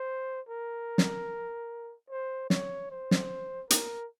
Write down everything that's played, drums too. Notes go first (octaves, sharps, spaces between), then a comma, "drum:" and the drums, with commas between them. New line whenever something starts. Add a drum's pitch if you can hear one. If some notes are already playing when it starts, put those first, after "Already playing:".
Already playing: C5
A#4
drum: snare
C5
C#5, drum: snare
C5
drum: snare
A#4, drum: hi-hat